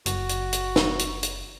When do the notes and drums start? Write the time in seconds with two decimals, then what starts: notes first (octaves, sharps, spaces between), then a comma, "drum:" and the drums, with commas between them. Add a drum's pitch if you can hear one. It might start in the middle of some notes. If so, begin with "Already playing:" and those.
0.06 F#1 F#4, drum: hi-hat
0.29 drum: hi-hat
0.53 drum: hi-hat
0.76 drum: snare
0.99 drum: hi-hat
1.23 drum: hi-hat